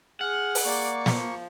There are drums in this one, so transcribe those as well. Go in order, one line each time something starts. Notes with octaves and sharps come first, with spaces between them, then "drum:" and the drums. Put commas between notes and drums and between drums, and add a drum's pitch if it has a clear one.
G#4 F#5 F6
drum: open hi-hat
A#3 D5 C#6
F3, drum: snare